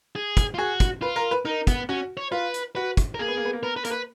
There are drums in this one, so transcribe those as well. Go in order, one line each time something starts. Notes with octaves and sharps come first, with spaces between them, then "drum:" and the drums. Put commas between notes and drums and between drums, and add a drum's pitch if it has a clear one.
G#4
drum: kick, hi-hat
F4
F#4 G#4
drum: kick, hi-hat
F4 B4
A#4
B4
D#4 A#4
B3, drum: kick, hi-hat
C#4 F#4
C#5
F4 B4
drum: hi-hat
F#4 B4
drum: kick, hi-hat
A#4
A#3 G#4
B3
A#3
B3
A#3
B3 A#4
B4
A#3 A#4, drum: hi-hat
B4